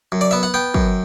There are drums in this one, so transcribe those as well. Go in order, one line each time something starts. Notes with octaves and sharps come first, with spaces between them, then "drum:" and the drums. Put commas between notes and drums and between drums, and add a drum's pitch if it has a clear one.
F#2
D5
B3 E5
F#5
B3 G5
F#2, drum: kick